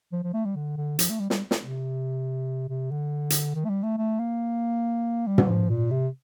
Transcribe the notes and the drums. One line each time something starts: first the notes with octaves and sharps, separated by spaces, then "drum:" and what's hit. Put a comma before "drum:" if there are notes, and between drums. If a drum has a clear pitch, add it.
F3
F3
A3
G3
D3
D3
F3, drum: hi-hat
A3
G3
G3, drum: snare
drum: snare
C3
C3
D3
drum: hi-hat
D#3
A3
G3
A3
A3
A#3
G3
drum: tom
F3
A#2
C3